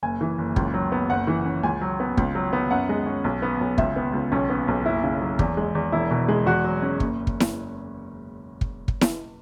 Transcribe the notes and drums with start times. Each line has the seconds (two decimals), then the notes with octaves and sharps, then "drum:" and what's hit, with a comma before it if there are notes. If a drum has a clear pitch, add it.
0.03 F#1 G#5
0.21 E3
0.38 F#1
0.56 C#2, drum: kick
0.74 F#3
0.92 B3
1.10 F#1 F#5
1.27 E3
1.45 C#4
1.63 C#2 G#5
1.81 F#3
2.00 B3
2.17 C#2, drum: kick
2.35 F#3
2.53 B3
2.71 F#2 F#5
2.89 G#3
3.06 C#4
3.24 B1
3.42 B3
3.61 B1
3.78 C#2 E5, drum: kick
3.96 B3
4.13 C#2
4.32 B1 C#4
4.50 B3
4.68 B1
4.86 F#1 E4
5.03 C#3
5.21 F#3
5.39 E2, drum: kick
5.57 G#3
5.75 E2
5.92 E1 E4
6.11 B2
6.28 G#3
6.46 E2 F#4
6.64 F#3
6.82 C#4
7.00 F#1, drum: kick
7.27 drum: kick
7.40 drum: snare E4
8.61 drum: kick
8.88 drum: kick
9.01 drum: snare E4